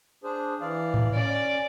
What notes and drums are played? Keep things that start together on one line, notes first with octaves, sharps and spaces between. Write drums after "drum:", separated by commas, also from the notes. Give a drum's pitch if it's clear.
D4 G#4 C5
E3 D5 F5
drum: tom A2
C#4 D5